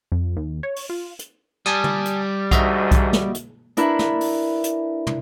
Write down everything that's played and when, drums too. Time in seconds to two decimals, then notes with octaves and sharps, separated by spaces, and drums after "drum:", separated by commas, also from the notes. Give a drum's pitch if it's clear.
0.12 F2
0.37 D#2
0.63 C#5
0.76 drum: open hi-hat
0.90 F4
1.19 drum: hi-hat
1.66 G3 G#5 A5 D#6
1.84 drum: tom
2.05 drum: hi-hat
2.51 D2 G#2 F#4 D#5 E5, drum: kick B1, hi-hat
2.91 drum: kick B1, hi-hat
3.13 drum: snare
3.35 drum: hi-hat
3.77 D4 E4 A#4 B4 E5, drum: hi-hat
3.99 drum: snare
4.21 drum: open hi-hat
4.64 drum: hi-hat
5.07 drum: tom